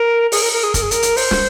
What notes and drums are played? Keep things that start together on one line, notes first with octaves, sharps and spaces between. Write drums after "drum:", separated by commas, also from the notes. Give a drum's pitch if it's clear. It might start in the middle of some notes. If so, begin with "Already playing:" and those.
Already playing: A#4
G#4, drum: open hi-hat
A#4
A#4
G#4
A#4, drum: kick, hi-hat
G#4
A#4, drum: hi-hat
drum: hi-hat
C5, drum: open hi-hat
drum: snare